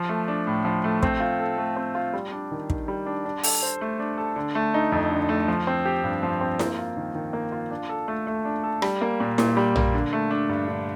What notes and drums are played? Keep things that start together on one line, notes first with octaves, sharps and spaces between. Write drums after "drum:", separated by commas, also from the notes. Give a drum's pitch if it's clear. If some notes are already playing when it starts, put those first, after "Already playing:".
Already playing: F3
A3
D4
A2
F3
A3
C4, drum: kick
F4
A4
A3
C4
F4
G3
D4
D#3
D#3, drum: kick
G3
D4
D4
A4, drum: open hi-hat
C5
A3
D4
A4
D3
A3
D#4
F2
D3
A3
F3
C4
G4
G2
F3
C4
A#3, drum: snare E4
F4
D#3
D#3
A#3
F4
D4
A4
A3
A3
D4
A4
G3, drum: rim click
A#3
A#2
A#2, drum: snare E4
G3
A#3, drum: tom
D3
A3
D4
G2
D3